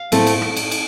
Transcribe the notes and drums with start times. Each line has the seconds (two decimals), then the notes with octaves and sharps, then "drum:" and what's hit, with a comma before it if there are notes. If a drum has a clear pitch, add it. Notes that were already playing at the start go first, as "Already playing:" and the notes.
Already playing: F5
0.12 A2 A3 C4, drum: cymbal
0.27 drum: cymbal
0.42 drum: rim click
0.57 drum: cymbal
0.71 drum: cymbal